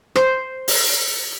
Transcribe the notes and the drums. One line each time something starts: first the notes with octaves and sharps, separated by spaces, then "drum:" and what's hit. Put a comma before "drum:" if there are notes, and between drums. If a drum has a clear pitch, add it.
C5, drum: rim click
drum: open hi-hat